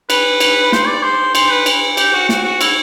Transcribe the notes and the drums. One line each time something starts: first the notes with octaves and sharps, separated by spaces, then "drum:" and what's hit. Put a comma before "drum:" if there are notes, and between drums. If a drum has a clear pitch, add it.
B4, drum: cymbal
drum: cymbal
C5, drum: snare
D5
C5
C5, drum: cymbal
B4
drum: cymbal
G4, drum: cymbal
F#4
F#4, drum: snare
F#4
E4, drum: cymbal